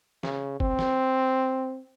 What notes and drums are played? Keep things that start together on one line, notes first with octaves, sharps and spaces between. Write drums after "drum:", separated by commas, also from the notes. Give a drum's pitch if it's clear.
C#3, drum: snare
C4, drum: kick
drum: snare